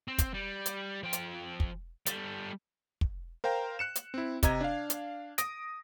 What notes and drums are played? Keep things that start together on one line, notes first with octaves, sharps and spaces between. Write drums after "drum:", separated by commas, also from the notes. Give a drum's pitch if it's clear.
C4
drum: kick, hi-hat
G3
drum: hi-hat
F3 G5
drum: hi-hat
drum: kick
G3 A4, drum: hi-hat
drum: kick
A#4 C5 F5 G5 A#5
F#6 C#7 E7
drum: hi-hat
C4 E4
C3 D#5 A#5 G#6, drum: kick, hi-hat
D4 F5
drum: hi-hat
D#6 A#6 D7, drum: hi-hat